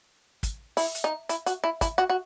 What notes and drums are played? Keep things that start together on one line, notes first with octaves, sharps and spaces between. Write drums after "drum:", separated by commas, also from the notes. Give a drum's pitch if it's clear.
drum: kick, hi-hat
E4, drum: open hi-hat
drum: hi-hat
D#4
E4, drum: hi-hat
F#4, drum: hi-hat
E4
E4, drum: kick, hi-hat
F#4
F#4